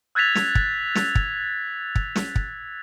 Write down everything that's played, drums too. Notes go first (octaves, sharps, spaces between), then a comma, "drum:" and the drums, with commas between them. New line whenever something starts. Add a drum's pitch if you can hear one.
E6 F#6 G#6 A6 B6 F7
drum: snare
drum: kick
drum: snare
drum: kick
drum: kick
drum: snare
drum: kick